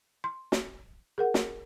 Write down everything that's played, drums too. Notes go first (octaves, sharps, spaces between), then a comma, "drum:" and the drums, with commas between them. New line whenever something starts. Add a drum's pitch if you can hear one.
C6
drum: snare
G#4 A#4 F#5
drum: snare